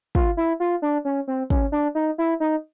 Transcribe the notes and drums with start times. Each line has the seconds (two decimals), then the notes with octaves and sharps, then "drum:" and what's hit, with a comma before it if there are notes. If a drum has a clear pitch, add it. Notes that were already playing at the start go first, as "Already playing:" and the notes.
0.15 F4, drum: kick
0.37 E4
0.60 F4
0.82 D4
1.05 C#4
1.28 C4
1.50 C#4, drum: kick
1.72 D4
1.95 D#4
2.18 E4
2.40 D#4